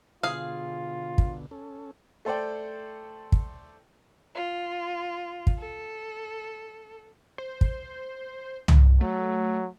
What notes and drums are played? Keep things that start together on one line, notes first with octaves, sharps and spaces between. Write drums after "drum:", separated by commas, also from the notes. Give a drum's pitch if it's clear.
B2 D3 F4 G#4 F5
drum: kick
C#4 A4
A3 A4 C5 D5 G5
drum: kick
F4
drum: kick
A4
C5
drum: kick
drum: tom
F#3 A3